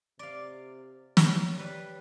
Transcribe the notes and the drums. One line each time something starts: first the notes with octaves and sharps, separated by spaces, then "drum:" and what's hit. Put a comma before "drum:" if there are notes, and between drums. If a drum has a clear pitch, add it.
C3 D5 F5
drum: snare
C#5
G3 B4 C#5